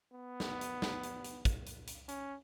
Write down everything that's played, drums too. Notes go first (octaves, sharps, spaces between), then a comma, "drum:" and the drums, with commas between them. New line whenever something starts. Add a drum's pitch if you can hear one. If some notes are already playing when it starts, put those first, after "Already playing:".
B3
drum: snare
drum: hi-hat
drum: snare
drum: hi-hat
drum: hi-hat
drum: kick, hi-hat
drum: hi-hat
drum: hi-hat
C#4, drum: hi-hat